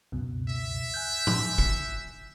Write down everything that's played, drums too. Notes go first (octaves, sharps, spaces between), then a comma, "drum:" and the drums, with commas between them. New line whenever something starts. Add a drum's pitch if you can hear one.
C#2 F#2 B2
E5
G#5 F#6 G6
drum: tom
drum: kick